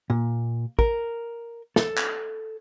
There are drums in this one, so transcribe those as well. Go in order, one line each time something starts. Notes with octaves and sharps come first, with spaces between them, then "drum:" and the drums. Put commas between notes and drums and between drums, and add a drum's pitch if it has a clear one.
A#2
A#4, drum: kick
A4, drum: snare
drum: clap